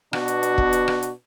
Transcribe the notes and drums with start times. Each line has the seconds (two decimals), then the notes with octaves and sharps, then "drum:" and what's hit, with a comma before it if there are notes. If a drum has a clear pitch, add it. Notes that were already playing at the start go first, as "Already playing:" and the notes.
0.13 B2 B3 D4 F#4, drum: rim click
0.28 drum: hi-hat
0.43 drum: hi-hat
0.58 drum: kick
0.73 drum: hi-hat
0.88 drum: rim click
1.03 drum: hi-hat